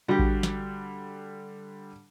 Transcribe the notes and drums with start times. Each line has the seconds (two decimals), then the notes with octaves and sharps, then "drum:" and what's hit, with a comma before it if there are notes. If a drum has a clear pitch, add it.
0.08 D3 G3 F#4 G4
0.19 drum: kick A1
0.43 drum: snare